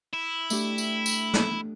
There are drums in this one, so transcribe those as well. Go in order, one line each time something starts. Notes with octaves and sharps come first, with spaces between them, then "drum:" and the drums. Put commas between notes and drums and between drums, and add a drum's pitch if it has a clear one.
E4
A3 D4 G4, drum: tambourine
drum: tambourine
drum: tambourine
drum: snare